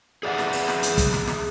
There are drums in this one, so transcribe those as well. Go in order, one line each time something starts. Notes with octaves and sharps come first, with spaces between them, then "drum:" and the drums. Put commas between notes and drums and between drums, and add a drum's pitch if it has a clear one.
G#4 D5 E5 F#5
drum: snare
drum: open hi-hat
drum: snare
drum: hi-hat
drum: kick, hi-hat
drum: snare
drum: snare